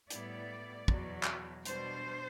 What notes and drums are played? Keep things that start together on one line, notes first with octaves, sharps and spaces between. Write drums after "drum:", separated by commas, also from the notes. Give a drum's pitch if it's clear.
A2 G3 B3 E4 D5, drum: hi-hat
E2 B2 F#3, drum: kick
drum: clap
B2 G3 D4 C5, drum: hi-hat